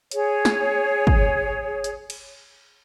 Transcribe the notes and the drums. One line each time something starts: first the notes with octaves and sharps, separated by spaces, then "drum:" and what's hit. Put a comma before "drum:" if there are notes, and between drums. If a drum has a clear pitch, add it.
G#4 C#5, drum: hi-hat
drum: snare
drum: kick
drum: hi-hat
drum: cymbal